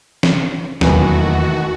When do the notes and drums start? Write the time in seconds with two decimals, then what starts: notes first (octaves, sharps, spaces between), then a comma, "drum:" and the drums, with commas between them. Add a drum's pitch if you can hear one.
0.23 drum: snare
0.81 E1 D#2 D#3 E3 F#3 A3 B3 F#4, drum: snare